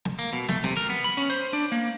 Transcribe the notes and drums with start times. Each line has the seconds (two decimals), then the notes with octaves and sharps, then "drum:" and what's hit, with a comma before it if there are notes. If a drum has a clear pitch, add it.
0.05 drum: snare
0.19 A#3
0.33 B2
0.49 A3, drum: snare
0.64 C3, drum: snare
0.77 A#4
0.90 B3
1.04 B5
1.17 C#4
1.30 C5
1.53 D4
1.72 A#3